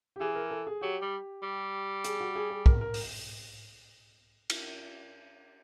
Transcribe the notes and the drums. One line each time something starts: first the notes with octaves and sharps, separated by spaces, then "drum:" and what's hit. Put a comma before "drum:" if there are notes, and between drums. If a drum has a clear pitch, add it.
G4
E3 G#4
A#4
A4
G#4
F#3 G4
G3
G3
G#4, drum: hi-hat
F#4
G#4
G#4
A#4, drum: kick
A#4
drum: open hi-hat
drum: cymbal